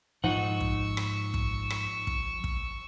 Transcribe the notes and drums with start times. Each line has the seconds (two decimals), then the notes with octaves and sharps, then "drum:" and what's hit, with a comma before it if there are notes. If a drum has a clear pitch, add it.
0.24 G#2 F3 D#4 F#5 C#6 E6
0.60 drum: kick
0.97 drum: rim click
1.34 drum: kick
1.70 drum: rim click
2.07 drum: kick
2.44 drum: kick